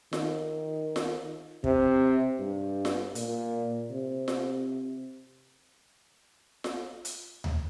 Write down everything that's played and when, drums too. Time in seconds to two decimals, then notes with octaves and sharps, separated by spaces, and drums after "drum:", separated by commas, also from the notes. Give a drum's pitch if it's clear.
0.13 D#3, drum: snare F4
0.96 drum: snare F4
1.64 C3, drum: kick
2.39 G2
2.85 drum: snare F4
3.15 A#2, drum: hi-hat
3.90 C3
4.28 drum: snare F4
6.64 drum: snare F4
7.05 drum: hi-hat
7.44 drum: tom D2